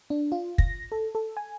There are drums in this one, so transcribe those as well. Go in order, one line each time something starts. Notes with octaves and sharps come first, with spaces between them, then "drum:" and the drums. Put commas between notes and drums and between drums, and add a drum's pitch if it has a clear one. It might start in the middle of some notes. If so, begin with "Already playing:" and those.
D4
F4
A#6, drum: kick
A4
A4
G#5